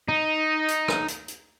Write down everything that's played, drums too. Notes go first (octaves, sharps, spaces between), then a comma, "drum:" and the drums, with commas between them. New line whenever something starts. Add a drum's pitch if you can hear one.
D#4
drum: hi-hat
drum: rim click
drum: hi-hat
drum: hi-hat